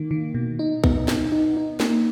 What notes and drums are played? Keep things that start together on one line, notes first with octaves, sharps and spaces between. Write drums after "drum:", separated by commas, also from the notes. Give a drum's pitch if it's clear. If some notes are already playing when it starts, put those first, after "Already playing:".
Already playing: D#3 A#3
D#3
B2
D#4
B3, drum: kick
D#4, drum: snare
D#4
D#4
A#3, drum: snare